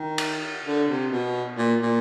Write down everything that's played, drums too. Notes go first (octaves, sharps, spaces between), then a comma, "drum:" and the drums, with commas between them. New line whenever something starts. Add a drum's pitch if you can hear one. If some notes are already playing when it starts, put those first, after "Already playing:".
Already playing: D#3
drum: cymbal
D3
C3
B2
A#2
A#2